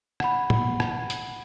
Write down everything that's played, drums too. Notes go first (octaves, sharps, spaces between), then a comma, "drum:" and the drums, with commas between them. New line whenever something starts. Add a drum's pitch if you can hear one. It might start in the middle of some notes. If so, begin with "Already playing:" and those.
F#5 B5, drum: rim click
drum: tom A2
drum: rim click
drum: hi-hat